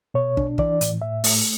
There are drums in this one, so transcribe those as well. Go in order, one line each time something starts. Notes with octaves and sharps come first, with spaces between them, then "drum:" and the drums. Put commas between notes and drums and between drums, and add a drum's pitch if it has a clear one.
B2 C#5
D4, drum: kick
E3 D5, drum: kick
A2, drum: hi-hat
A2 E5
A3, drum: open hi-hat